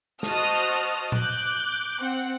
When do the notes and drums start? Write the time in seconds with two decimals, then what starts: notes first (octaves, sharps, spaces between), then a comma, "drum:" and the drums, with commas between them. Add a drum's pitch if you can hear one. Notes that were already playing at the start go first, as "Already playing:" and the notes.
0.23 F#4 C5 D#5 A5 D#6 F6, drum: snare
1.12 D6 F#6 G6, drum: tom A#2
1.99 C4 F#5